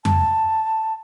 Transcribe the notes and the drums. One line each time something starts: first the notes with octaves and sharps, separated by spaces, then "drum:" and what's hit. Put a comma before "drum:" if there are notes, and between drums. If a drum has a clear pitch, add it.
A5, drum: tom F2